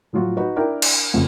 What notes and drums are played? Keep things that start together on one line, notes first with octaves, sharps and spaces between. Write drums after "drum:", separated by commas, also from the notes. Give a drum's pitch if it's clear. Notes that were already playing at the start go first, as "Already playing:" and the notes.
A2 F3 F#3 F4 F#4
D#4 F#4 B4
D4 E4 A#4 G5
drum: cymbal
F#1 F2